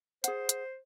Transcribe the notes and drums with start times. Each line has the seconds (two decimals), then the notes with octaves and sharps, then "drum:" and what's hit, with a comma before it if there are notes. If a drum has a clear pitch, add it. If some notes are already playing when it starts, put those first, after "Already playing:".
0.24 G#4 C5 F#5, drum: hi-hat
0.49 drum: hi-hat